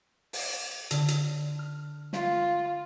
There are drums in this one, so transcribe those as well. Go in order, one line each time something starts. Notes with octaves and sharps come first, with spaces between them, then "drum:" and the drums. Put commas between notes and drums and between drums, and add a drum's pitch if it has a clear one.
drum: open hi-hat
D3, drum: hi-hat
drum: hi-hat
F6
F4, drum: snare